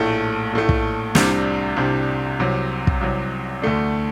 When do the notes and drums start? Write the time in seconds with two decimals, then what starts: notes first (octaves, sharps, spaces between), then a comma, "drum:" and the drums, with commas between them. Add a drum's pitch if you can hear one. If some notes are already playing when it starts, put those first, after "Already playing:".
Already playing: A#1 A2 A3
0.53 A#1 A2 A3
0.69 drum: kick
1.15 C2 C3 G3 D4, drum: snare
1.77 C2 C3 G3 D4
2.39 C2 C3 F#3
2.87 drum: kick
3.01 C2 C3 F#3
3.62 D2 D3 A3 D4